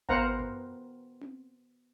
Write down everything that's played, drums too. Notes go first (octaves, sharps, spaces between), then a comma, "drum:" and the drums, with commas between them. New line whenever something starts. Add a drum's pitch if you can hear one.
B3 A#4 C5 F5 F#5 A#5, drum: kick G#1
drum: tom F#2
drum: tom C4